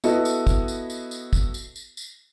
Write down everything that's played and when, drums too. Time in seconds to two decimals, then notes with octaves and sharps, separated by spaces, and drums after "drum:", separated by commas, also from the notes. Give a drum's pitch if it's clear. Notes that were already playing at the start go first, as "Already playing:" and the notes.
0.04 B3 E4 F#4 A4 B4 D#5, drum: tambourine
0.25 drum: tambourine
0.47 drum: kick, tambourine
0.68 drum: tambourine
0.90 drum: tambourine
1.11 drum: tambourine
1.33 drum: kick, tambourine
1.54 drum: tambourine
1.76 drum: tambourine
1.97 drum: tambourine